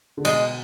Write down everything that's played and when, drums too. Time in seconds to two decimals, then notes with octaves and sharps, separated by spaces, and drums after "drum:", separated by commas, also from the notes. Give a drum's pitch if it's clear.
0.17 D3
0.25 B2 G#3, drum: cymbal